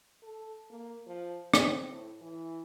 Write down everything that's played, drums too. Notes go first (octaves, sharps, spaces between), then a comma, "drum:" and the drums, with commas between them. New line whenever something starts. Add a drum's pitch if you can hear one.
A4
A#3
F3
C4, drum: rim click
A2
E3